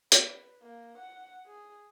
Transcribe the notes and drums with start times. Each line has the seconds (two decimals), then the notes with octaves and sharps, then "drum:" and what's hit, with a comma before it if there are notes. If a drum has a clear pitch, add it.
0.12 B4, drum: hi-hat
0.62 A#3
0.98 F#5
1.46 G#4